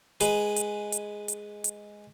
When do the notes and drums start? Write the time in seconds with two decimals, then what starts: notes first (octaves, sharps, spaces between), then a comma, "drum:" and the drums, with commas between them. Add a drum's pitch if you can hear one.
0.20 G#3 G#4 B4, drum: hi-hat
0.56 drum: hi-hat
0.92 drum: hi-hat
1.28 drum: hi-hat
1.64 drum: hi-hat